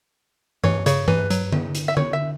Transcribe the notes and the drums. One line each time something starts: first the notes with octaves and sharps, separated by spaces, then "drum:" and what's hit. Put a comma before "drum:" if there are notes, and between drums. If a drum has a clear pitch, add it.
E3 C#5, drum: tom G2
C#3 C#5, drum: hi-hat
E3 B4, drum: tom G2
F#3, drum: hi-hat
drum: tom D3
drum: hi-hat
E5
C#5, drum: tom D3
E5